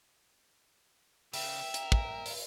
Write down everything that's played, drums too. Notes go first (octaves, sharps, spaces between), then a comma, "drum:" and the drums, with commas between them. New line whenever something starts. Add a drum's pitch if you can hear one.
C#3 E5 G5, drum: open hi-hat
A#4, drum: hi-hat
drum: kick
drum: open hi-hat